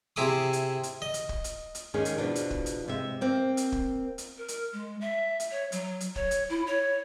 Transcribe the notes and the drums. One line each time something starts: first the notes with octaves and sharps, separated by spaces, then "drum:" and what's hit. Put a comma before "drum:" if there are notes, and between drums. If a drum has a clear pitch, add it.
C3 E4 G#4 D6 D#6
drum: hi-hat
drum: hi-hat
D#5
drum: hi-hat
drum: kick
drum: hi-hat
drum: hi-hat
D#2 D#3 G#3 C#4 G#4
drum: hi-hat
E2 B2 F3 D4
drum: hi-hat
drum: kick
drum: hi-hat
C3 G#3 E5
A#3 C4
drum: hi-hat
drum: kick
drum: hi-hat
A#4
drum: hi-hat
G#3
E5
drum: hi-hat
C#5
F#3, drum: hi-hat
drum: hi-hat
C#5, drum: kick
drum: hi-hat
E4
C#5